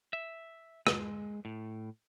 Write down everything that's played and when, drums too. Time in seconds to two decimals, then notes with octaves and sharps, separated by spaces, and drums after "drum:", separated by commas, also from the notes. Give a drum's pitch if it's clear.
0.13 E5
0.87 G#3, drum: rim click
1.45 A2